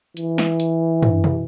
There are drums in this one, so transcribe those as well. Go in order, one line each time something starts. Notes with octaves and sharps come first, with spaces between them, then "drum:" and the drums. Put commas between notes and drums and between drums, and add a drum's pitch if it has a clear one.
E3, drum: hi-hat
drum: snare
drum: hi-hat
drum: tom
drum: tom B2